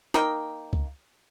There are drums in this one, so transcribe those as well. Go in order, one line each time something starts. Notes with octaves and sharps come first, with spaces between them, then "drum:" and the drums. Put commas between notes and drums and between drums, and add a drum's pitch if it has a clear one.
A#3 D#4 A#4 G5, drum: snare
drum: kick C#2